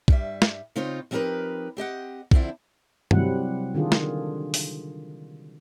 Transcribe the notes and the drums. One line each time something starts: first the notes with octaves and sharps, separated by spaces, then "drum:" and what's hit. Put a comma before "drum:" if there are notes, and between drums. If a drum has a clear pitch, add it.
G2 G3 E5, drum: kick B1
drum: snare
C#3 C4 D#4 F4 C5 C#5
F3 C4 D#4 G4 A#4 B4
C4 G4 D#5 F#5
D3 F3 C4 D4 E4, drum: kick B1
C3 F#3 G3 C4 E4 F#5, drum: tom G2
D3 D#3 D4 F4 G#4
drum: snare
drum: open hi-hat